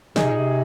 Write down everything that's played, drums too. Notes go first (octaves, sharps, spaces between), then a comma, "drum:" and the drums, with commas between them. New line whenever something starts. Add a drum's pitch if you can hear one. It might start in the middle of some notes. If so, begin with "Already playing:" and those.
D#3 D#4 G#4, drum: snare
C3
A#2
C3